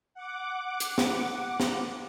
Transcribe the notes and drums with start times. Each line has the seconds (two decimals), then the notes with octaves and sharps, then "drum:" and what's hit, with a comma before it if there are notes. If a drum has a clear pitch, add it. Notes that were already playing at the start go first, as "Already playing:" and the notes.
0.14 F#5 D6
0.80 drum: hi-hat
0.98 drum: snare
1.60 drum: snare